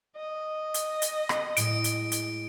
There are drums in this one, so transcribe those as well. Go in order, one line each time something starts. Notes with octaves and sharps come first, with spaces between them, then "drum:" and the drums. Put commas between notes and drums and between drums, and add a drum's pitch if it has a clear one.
D#5
drum: hi-hat
drum: hi-hat
drum: rim click
A2 G#3 D7, drum: hi-hat
drum: hi-hat
drum: hi-hat